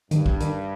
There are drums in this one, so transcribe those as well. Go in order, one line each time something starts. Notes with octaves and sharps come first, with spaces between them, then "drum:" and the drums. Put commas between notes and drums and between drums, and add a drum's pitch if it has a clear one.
G2 D#3, drum: hi-hat
drum: kick
D#3, drum: hi-hat